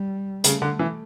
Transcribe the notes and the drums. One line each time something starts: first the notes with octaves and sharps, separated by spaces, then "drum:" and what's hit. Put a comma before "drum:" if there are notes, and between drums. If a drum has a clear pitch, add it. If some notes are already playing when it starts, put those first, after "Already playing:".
Already playing: G3
C#3 A3, drum: hi-hat
D3
E3